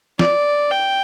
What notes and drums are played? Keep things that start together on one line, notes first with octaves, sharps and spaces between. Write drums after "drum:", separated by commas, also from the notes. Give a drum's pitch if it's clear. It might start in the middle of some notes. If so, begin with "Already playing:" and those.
D5, drum: snare
G5